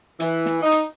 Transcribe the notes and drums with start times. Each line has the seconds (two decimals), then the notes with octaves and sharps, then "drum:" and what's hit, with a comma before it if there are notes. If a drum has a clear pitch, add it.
0.20 E3, drum: hi-hat
0.46 drum: snare
0.63 D#4
0.72 drum: hi-hat